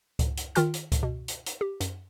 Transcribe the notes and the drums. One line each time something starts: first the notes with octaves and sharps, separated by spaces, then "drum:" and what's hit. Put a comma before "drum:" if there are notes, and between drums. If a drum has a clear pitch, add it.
drum: kick C#2, hi-hat
drum: hi-hat
D#3 F4 G5 F6, drum: hi-hat
drum: hi-hat
drum: kick C#2, hi-hat
B2
drum: hi-hat
drum: hi-hat
G4
F#2, drum: hi-hat